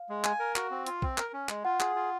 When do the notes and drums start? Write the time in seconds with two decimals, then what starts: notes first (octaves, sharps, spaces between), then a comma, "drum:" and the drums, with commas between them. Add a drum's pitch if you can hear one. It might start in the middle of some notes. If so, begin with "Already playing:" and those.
Already playing: F5
0.09 G#3
0.24 G#5, drum: clap
0.40 A#4
0.56 F#4, drum: clap
0.71 C4
0.86 F4, drum: hi-hat
1.02 C4, drum: kick
1.18 A#4, drum: clap
1.33 C#4
1.49 G#3, drum: clap
1.65 F4 F#5
1.80 G#4, drum: clap
1.96 F4